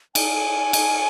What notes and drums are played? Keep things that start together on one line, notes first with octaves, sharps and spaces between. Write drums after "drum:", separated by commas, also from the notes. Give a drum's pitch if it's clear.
G#5, drum: cymbal
drum: cymbal